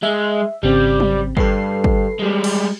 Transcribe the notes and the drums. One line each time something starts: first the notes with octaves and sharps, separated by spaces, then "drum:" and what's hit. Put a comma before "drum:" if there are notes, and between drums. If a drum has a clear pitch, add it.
G#3 E5
G#1 C#3 G3 C4
drum: tom F#3
G2 A4 B4 C7, drum: kick
drum: kick
G3 G#3
drum: cymbal